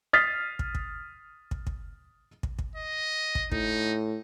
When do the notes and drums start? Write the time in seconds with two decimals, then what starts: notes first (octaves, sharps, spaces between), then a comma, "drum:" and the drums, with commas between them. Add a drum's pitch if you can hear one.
0.13 D#6 F6 A6 B6 C7
0.59 drum: kick
0.75 drum: kick
1.51 drum: kick
1.67 drum: kick
2.43 drum: kick
2.59 drum: kick
2.76 D#5
3.35 drum: kick
3.52 A2 D#4, drum: kick